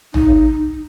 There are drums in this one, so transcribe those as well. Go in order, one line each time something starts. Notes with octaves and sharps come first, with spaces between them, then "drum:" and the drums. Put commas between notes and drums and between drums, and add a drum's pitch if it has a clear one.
D#4, drum: tom A1